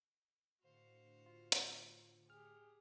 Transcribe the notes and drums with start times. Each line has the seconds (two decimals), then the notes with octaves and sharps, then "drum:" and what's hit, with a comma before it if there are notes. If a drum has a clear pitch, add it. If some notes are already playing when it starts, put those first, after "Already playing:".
0.62 A2 D3 F#4 C5 F5 C#7
1.26 F4
1.52 drum: hi-hat
2.30 G4 G#4 F6